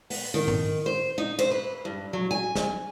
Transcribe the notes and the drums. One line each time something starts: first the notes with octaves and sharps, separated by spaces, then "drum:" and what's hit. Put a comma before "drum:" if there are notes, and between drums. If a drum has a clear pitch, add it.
B3, drum: open hi-hat
D#3
drum: tom G2
C5
D#4
C5, drum: cymbal
B4
G2
F#3
G#5
drum: snare